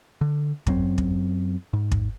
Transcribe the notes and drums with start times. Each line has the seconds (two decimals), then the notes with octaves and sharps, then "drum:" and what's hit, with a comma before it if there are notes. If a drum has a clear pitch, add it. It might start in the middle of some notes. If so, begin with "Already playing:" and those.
0.21 D3
0.67 F#2 F#3 C4, drum: kick
0.98 drum: kick
1.73 G#2
1.92 drum: kick